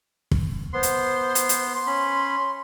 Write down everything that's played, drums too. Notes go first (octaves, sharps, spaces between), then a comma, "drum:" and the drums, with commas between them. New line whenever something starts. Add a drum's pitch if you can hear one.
drum: kick
B3 C5 C6
drum: hi-hat
drum: hi-hat
drum: hi-hat
C6
C#4 B5